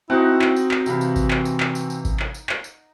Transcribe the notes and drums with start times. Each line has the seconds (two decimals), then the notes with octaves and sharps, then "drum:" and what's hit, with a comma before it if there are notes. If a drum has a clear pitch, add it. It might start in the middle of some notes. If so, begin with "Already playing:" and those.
0.10 C4 D#4 E4 F#4 F#5 A5
0.42 drum: clap
0.56 drum: tambourine
0.71 drum: clap
0.86 C3 E3 F5 B5, drum: tambourine
1.01 drum: tambourine
1.16 drum: kick G#1, tambourine
1.31 drum: clap
1.45 drum: tambourine
1.60 drum: clap
1.75 drum: tambourine
1.90 drum: tambourine
2.05 drum: kick G#1, tambourine
2.20 drum: clap
2.34 drum: tambourine
2.49 drum: clap
2.64 drum: tambourine